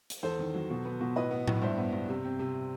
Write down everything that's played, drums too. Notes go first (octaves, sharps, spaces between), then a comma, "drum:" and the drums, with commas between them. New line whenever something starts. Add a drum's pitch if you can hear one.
drum: hi-hat
E2 A4 C5
D#3
F#3
B2
B3
B2
A2 B4 D#5
B3
A2, drum: tom A2
G2 C5 E5
B3
G2
C3
C4
C3